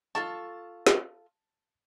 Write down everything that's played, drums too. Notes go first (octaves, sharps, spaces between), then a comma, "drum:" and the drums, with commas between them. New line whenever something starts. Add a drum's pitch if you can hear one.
F4 A4 A5 C#6
drum: snare